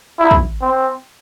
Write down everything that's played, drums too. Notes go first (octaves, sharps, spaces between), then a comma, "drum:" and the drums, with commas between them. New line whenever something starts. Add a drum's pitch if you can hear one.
E4
drum: kick
C4